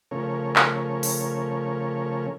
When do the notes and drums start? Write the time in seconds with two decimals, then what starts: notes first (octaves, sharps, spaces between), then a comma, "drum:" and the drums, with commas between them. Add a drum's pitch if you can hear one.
0.11 C#3 F3 A3 C#4 A#4 C#5
0.56 drum: clap
1.03 drum: open hi-hat